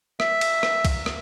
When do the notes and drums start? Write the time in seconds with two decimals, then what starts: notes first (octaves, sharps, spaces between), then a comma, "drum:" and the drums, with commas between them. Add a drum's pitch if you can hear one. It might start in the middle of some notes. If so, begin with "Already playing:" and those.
0.20 E5, drum: rim click
0.41 drum: cymbal
0.63 drum: rim click
0.85 drum: kick, cymbal
1.06 drum: rim click